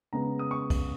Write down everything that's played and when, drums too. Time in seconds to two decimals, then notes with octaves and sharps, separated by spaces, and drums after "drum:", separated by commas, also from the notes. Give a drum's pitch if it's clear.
0.13 C#3 G#3 B3 A#5
0.39 D#6
0.51 C#6
0.70 drum: kick, cymbal